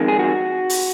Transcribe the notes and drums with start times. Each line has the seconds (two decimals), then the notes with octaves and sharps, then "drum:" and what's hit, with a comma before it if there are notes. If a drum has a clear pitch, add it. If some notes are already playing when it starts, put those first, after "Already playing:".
Already playing: F2 D#3 G#3
0.08 G#4
0.19 F#4
0.70 drum: open hi-hat